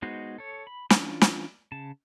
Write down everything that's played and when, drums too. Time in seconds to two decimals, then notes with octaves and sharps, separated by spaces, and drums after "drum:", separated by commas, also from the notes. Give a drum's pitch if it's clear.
0.02 G#3 B3 D#4 F#4 C5
0.38 A4 C#5
0.67 B5
0.90 E3 C#4 D4 F4, drum: snare
1.21 drum: snare
1.72 C#3 A5